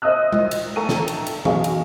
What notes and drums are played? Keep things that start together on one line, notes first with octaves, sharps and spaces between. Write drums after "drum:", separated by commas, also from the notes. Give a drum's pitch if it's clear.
C5 D#5 E5 D#6 E6 F#6
drum: tom G#3
drum: cymbal
A3 A4 G5 A#5 C#6 D#7
drum: snare
drum: cymbal
drum: cymbal
B1 F#2 G#4 F5 C#6, drum: tom E3
drum: cymbal